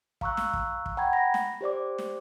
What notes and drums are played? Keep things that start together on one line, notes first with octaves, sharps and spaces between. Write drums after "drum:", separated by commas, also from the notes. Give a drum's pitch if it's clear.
F5 A#5 C#6 E6 F#6, drum: kick
drum: snare
drum: kick
drum: kick
F#5 G5 A#5 B5 G#6
B5 A#6
drum: snare
G4 C5 D5 D6
drum: snare